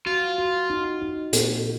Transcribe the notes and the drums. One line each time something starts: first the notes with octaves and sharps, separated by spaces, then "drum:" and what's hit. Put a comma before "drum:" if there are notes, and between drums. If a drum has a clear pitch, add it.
F4 F#4
F#4
D#4
D#4
A#2, drum: hi-hat